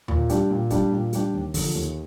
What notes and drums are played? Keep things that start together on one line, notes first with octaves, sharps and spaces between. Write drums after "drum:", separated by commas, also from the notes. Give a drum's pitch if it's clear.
A#2, drum: tom D#2
G3 D4 G4, drum: hi-hat
A#2
G3 D4 G4, drum: kick, hi-hat
A#2
G3 D4 G4, drum: hi-hat
D#2
D3 F3, drum: kick, open hi-hat
D#2